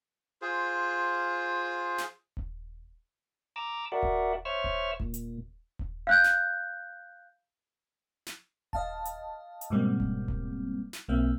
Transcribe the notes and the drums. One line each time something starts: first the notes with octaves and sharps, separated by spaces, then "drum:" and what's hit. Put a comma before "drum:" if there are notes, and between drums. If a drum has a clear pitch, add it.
F4 G#4 C5
drum: snare
drum: kick D#1
A#5 D6 E6
F#4 A#4 D5 E5 F#5
drum: kick D#1
C5 C#5 E5 C#6 E6 F6
drum: kick D#1
A#2, drum: kick D#1
drum: hi-hat
drum: kick D#1
F5 F#6 G6
drum: snare
drum: snare
D#5 F5 A5, drum: kick D#1
drum: hi-hat
drum: hi-hat
G#2 B2 G3 A#3 C4
drum: kick D#1
drum: kick D#1
drum: snare
B1 A#3 C4 E5